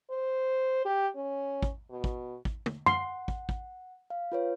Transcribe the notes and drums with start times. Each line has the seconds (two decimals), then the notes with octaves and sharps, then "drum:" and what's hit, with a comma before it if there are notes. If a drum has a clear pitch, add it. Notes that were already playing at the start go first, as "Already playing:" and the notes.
0.11 C5
0.85 G4
1.16 C#4
1.63 drum: kick
1.90 B2
2.04 drum: kick
2.45 drum: kick
2.66 drum: tom
2.86 F#5 C6, drum: tom F#2
3.28 drum: kick
3.49 drum: kick
4.10 F5
4.32 F4 B4 C#5